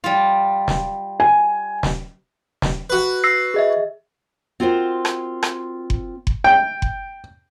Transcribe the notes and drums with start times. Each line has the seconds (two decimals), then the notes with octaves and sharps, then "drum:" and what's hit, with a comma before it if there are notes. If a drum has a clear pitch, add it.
0.04 G3 F4
0.68 drum: snare
1.20 G#5
1.83 drum: snare
2.62 drum: snare
2.90 F#4 B4
3.24 E6 A#6 C7
3.54 G#4 D#5 E5
4.60 C4 F4 F#4 A#4 C5
5.05 drum: rim click
5.43 drum: rim click
5.90 drum: kick F#1
6.27 drum: kick F#1
6.44 G5
6.82 drum: kick F#1